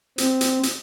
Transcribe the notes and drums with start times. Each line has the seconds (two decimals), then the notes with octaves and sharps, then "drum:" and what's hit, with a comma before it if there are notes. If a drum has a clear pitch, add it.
0.18 C4, drum: hi-hat
0.41 drum: hi-hat
0.63 drum: hi-hat